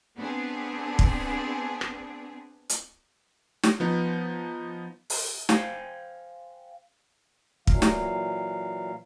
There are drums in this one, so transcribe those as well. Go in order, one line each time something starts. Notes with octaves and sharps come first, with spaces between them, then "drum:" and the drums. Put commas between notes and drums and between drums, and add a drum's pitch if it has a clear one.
B3 C4 D4 G#4
drum: kick
drum: rim click
drum: hi-hat
drum: snare
F3 B3 D#4
drum: open hi-hat
C5 F5 G5 G#5, drum: snare
A#2 E3 F#3 F5, drum: kick
drum: snare